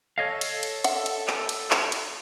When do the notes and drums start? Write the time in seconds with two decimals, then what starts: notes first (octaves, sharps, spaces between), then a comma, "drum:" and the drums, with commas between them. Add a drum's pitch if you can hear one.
0.18 A4 C#5 D#5 F5
0.41 drum: cymbal
0.63 drum: cymbal
0.84 E5 F#5, drum: cymbal
1.06 drum: cymbal
1.28 drum: clap
1.49 drum: cymbal
1.71 drum: clap
1.92 drum: cymbal